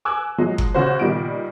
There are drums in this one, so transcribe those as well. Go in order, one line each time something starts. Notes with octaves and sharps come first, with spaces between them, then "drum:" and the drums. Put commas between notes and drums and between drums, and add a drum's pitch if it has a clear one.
G#5 D6 E6 F#6 G#6
F3 F#3 G#3
drum: kick F#1
C#3 C#4 F#4 C5
A#2 D#3 G3 B3 D7